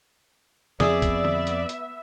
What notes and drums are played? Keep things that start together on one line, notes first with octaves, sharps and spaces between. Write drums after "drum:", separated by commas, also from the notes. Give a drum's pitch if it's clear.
F2 B3 G#4 D5 E5 D#6, drum: snare
drum: kick, hi-hat
drum: tom D3
drum: hi-hat
drum: hi-hat